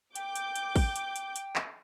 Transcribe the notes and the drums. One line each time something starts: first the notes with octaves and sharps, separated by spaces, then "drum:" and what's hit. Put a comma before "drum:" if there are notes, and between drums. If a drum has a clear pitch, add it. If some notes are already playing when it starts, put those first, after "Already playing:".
G5 D6 G6, drum: hi-hat
drum: hi-hat
drum: hi-hat
drum: kick, open hi-hat
drum: hi-hat
drum: hi-hat
drum: hi-hat
drum: clap